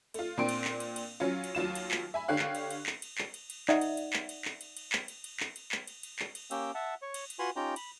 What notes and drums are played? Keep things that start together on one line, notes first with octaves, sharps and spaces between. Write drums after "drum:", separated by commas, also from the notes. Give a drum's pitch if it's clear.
A3 F4, drum: cymbal
A#2 C4 D4 C6 D7
drum: cymbal
drum: clap
drum: cymbal
drum: cymbal
F#3 C#4 F4
drum: cymbal
D#2 F#3 F4 E7
drum: cymbal
drum: clap
E5 G#5 B5
D3 G4 C#5 F5 F#6
drum: clap
drum: cymbal
drum: cymbal
drum: clap
drum: cymbal
drum: clap
drum: cymbal
drum: cymbal
D#4 D5 E5 F#5, drum: clap
drum: cymbal
drum: cymbal
drum: clap
drum: cymbal
drum: clap
drum: cymbal
drum: cymbal
drum: clap
drum: cymbal
drum: cymbal
drum: clap
drum: cymbal
drum: clap
drum: cymbal
drum: cymbal
drum: clap
drum: cymbal
A#3 C#4 G4 G5 E6, drum: cymbal
E5 F#5 A5
C#5
drum: cymbal
drum: cymbal
F4 F#4 B4 G#5 B5 C6
C#4 D#4 F4 G4 G5 A#5
B5, drum: cymbal